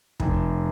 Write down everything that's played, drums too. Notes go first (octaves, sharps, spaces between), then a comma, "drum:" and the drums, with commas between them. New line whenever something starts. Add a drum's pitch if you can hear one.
F1, drum: kick